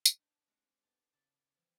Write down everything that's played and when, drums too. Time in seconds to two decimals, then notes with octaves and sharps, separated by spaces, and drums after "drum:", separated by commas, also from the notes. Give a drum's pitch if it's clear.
0.05 drum: tambourine
0.18 D4 D#4 G4 C5
0.47 G#3 C4 G4 F5 F#5
0.83 B3 D#4 G4 A4
1.13 C#3 E4 D5 A5
1.54 E3 F3 G3 C4